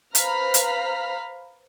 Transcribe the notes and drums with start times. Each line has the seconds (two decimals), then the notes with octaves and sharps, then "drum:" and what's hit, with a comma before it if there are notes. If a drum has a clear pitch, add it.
0.15 B4 C5 F5 A#5 B5 F6, drum: hi-hat
0.54 drum: hi-hat